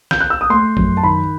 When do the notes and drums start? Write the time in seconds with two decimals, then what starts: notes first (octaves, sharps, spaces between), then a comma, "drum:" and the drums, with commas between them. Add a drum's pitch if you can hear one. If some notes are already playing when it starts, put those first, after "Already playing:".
0.11 G6, drum: snare
0.20 F#6
0.30 E6
0.41 D#6
0.50 A3 C6
0.77 F#2, drum: kick G#1
0.97 A5
1.04 D#3 B5